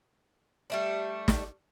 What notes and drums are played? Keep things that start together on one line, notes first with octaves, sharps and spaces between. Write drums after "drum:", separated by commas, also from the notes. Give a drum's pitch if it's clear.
G3 A3 D4
drum: snare